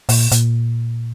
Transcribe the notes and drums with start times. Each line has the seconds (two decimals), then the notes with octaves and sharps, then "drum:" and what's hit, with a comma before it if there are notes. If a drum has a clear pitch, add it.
0.09 A#2, drum: open hi-hat
0.32 A#2, drum: hi-hat